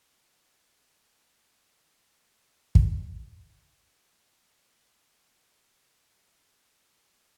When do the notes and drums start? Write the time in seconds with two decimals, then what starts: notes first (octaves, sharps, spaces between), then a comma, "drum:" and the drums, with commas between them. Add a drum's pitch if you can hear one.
0.80 F#4 A#4
2.75 drum: kick
3.59 D#2 A#3 D#5 B5
6.67 F#3 G#3 D#4 F#4